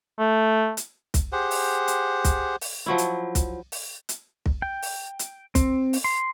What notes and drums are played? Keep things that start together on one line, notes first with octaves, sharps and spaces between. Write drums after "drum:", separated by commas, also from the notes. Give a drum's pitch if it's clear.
A3
drum: hi-hat
drum: kick, hi-hat
G4 G#4 C5 F#5
drum: open hi-hat
drum: hi-hat
drum: kick, hi-hat
drum: open hi-hat
F3 F#3 E4
drum: hi-hat
drum: kick, hi-hat
drum: open hi-hat
drum: hi-hat
drum: kick
G5
drum: open hi-hat
drum: hi-hat
C4, drum: kick, hi-hat
drum: open hi-hat
C6